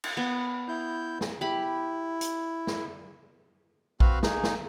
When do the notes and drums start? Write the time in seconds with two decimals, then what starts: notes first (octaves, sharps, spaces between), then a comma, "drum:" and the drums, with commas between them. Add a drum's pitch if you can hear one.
0.04 drum: cymbal
0.17 B3
0.68 E4 G6
1.21 drum: snare
1.41 E4 G4 B5
2.21 drum: hi-hat
2.67 drum: snare
4.00 C4 F#4 B4 F5, drum: kick A#1
4.23 A#3 D#4 G#4, drum: snare
4.44 drum: snare